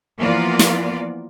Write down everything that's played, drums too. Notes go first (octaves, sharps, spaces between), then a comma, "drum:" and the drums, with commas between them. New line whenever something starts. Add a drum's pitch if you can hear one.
E3 F3 A#3 B3 F4 D5
drum: snare